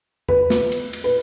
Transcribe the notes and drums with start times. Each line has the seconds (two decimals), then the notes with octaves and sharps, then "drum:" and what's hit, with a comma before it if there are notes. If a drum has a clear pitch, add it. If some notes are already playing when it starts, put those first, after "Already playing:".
0.29 B4, drum: tom E2
0.50 drum: snare
0.72 drum: cymbal
0.93 drum: cymbal
1.04 B4